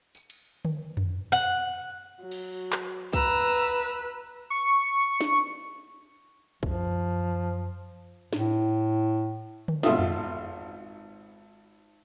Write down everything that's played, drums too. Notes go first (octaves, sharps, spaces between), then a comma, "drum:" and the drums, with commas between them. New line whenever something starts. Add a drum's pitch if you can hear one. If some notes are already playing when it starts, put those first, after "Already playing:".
drum: tambourine
drum: cymbal
drum: tom D3
drum: tom F2
F#5, drum: open hi-hat
drum: hi-hat
F#3
drum: cymbal
drum: clap
B4 A#5 E6, drum: kick C2
C#6
drum: snare
F#2 F3, drum: kick C2
A2, drum: snare
drum: tom D3
G#1 B2 F4 A4 E5 D#6, drum: snare
drum: tom F2